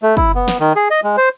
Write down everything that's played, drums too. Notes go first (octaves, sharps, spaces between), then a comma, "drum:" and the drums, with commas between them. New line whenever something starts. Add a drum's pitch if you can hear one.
A3
E4, drum: kick
B3
drum: snare
D#3
G#4
D#5
G#3
C5